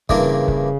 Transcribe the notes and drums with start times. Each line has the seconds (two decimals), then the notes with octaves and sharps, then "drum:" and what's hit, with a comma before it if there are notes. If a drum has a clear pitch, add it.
0.09 G2 C#3 E3 G3 A#3 D4, drum: kick
0.48 drum: kick